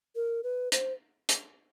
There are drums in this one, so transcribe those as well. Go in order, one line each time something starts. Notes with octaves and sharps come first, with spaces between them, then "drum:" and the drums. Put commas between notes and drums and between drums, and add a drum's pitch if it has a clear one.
A#4
B4
C5, drum: hi-hat
drum: hi-hat